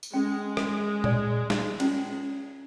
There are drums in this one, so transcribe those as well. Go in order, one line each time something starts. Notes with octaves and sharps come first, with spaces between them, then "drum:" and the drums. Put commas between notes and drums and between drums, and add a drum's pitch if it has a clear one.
drum: tambourine
G#3 C#4 G5
drum: rim click
D5 G#5, drum: tom A#2
drum: snare
C#4 D#4 F4, drum: cymbal